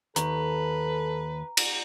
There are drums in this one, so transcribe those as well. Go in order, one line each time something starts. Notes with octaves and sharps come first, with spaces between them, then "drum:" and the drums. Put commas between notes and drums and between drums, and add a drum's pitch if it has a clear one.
D#2 A4 B4 A#5, drum: hi-hat
drum: cymbal